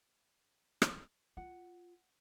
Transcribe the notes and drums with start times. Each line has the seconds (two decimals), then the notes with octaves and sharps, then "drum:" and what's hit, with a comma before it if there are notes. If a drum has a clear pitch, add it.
0.82 drum: rim click
1.37 F4 F#5